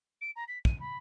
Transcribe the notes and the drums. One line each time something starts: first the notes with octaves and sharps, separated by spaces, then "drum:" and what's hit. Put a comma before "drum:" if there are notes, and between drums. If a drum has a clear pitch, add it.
D7
A#5
B6
D#7, drum: kick
B5